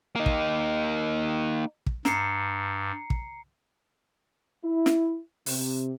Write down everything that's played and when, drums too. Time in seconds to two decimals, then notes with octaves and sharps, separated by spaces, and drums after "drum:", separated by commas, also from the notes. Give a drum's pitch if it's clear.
0.16 A#3 D#4
0.26 drum: kick
1.86 drum: kick
2.05 G2 A#5 C7 C#7, drum: snare
3.10 drum: kick
4.64 E4
4.86 drum: snare
5.46 C3, drum: open hi-hat